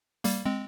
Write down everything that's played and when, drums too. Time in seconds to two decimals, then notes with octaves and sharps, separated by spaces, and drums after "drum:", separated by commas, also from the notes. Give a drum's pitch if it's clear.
0.24 G3 A#3, drum: hi-hat
0.46 G#3 C4